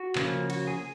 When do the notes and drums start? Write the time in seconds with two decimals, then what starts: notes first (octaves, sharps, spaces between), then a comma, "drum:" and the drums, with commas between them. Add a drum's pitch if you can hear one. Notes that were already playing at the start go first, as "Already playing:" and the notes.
Already playing: F#4
0.16 C#3 F3 A#3 C#4, drum: clap
0.50 F#4, drum: cymbal
0.67 G#4